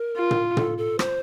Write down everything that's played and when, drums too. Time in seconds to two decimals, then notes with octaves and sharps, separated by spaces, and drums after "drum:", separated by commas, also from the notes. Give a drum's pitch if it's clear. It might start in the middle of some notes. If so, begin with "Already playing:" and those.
Already playing: A#4
0.16 F4
0.31 drum: tom
0.57 A4, drum: tom
0.78 A4
0.99 C5, drum: rim click